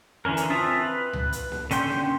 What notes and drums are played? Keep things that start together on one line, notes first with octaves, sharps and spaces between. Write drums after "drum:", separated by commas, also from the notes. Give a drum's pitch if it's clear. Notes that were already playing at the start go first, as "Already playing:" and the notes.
D3 E3 C#4 A#4
drum: hi-hat
C4 F4 E5 A5 D#6
B4
drum: tom C#2
drum: hi-hat
drum: snare A#3
D3 C#4 G5 C6 G6, drum: hi-hat
drum: snare A#3